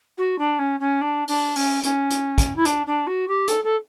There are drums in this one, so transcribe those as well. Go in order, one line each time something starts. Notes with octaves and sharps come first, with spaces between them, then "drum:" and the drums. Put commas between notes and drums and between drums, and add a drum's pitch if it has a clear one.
F#4
D4
C#4
C#4
D4
D4, drum: open hi-hat
C#4, drum: open hi-hat
C#4, drum: hi-hat
drum: hi-hat
drum: kick, hi-hat
E4
D4, drum: hi-hat
D4
F#4
G4
A4, drum: hi-hat
A4